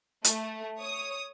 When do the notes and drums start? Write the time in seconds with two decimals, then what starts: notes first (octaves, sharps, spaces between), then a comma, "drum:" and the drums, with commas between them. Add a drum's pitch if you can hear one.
0.24 A3, drum: hi-hat
0.80 C#5 D#6